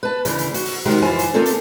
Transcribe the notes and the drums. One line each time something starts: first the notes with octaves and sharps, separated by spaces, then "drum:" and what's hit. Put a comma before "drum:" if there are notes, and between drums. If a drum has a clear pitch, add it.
B4 A5
D2 C#3 E3, drum: hi-hat
drum: hi-hat
F#4, drum: hi-hat
drum: open hi-hat
C3 D#3 G#3 F#4 A#4
F2 E3 F4 C5 G#5
drum: hi-hat
A3 A#3 C4 F4 G#4 A4
drum: hi-hat